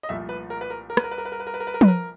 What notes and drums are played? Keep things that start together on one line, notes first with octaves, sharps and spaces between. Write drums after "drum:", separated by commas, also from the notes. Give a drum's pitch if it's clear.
D#5
C2 A#2 F3 A3 E5
B4
A#4
B4
A#4
A#4
B4, drum: rim click
A#4
B4
A#4
B4
A#4
B4
A#4
B4
A#4
B4
A#4
B4, drum: tom F3
A#4